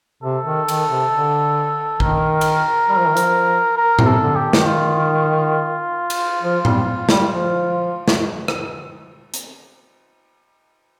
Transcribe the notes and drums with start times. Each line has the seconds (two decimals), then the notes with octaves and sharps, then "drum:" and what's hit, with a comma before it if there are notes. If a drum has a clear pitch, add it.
0.23 C3 A4
0.46 D#3
0.68 D#3, drum: cymbal
0.90 C3
1.12 D3
2.00 D#3 A#4, drum: kick
2.41 drum: cymbal
2.89 G3
2.98 F3
3.08 D#3
3.17 F3, drum: hi-hat
3.77 A#4
3.99 C3, drum: tom A2
4.07 A4
4.21 D3
4.36 G4
4.43 D#3
4.53 drum: snare
4.65 F4
6.10 drum: cymbal
6.42 F3
6.65 G3, drum: tom A2
7.09 G3, drum: snare
7.31 F3
8.08 drum: snare
8.48 drum: rim click
9.34 drum: hi-hat